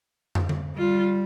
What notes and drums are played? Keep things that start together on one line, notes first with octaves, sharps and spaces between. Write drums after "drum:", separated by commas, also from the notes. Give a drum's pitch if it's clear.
drum: tom
drum: tom
G3 F4